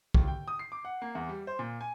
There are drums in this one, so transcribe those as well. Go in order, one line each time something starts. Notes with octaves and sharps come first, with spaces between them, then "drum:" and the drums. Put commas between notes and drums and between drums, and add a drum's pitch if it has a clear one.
D#2, drum: kick
G5
D#6
C7
D6
F#5
A#3
E2
G3
C5
A#2
G#5